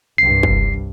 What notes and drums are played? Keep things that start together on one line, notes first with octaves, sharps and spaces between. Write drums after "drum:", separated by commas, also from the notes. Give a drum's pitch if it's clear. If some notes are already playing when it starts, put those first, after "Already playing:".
C2 G2 C7
drum: kick